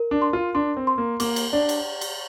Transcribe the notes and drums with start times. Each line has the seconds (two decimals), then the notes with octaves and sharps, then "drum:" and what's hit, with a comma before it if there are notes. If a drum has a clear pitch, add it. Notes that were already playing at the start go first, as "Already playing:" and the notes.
Already playing: A#4
0.11 D4
0.22 C6
0.33 F4
0.55 D4 C6
0.77 C4
0.87 C6
0.98 A#3
1.20 A#3 D6, drum: cymbal
1.36 drum: cymbal
1.52 D4 D5
1.69 drum: cymbal
2.01 drum: cymbal